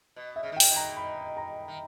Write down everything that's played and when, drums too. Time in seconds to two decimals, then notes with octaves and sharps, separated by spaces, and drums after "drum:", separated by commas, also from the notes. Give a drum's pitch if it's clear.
0.16 B2
0.36 E5
0.43 C#3
0.52 D#3
0.57 G5
0.60 C#3, drum: open hi-hat
0.70 B2 D#3
0.76 A#5
0.97 B5
1.37 A#5
1.68 D#3